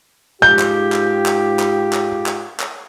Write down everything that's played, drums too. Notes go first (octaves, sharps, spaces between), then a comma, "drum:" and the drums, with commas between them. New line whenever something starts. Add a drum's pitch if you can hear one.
G#2 F4 G4 G6
drum: clap
drum: clap
drum: clap
drum: clap
drum: clap
drum: clap
drum: clap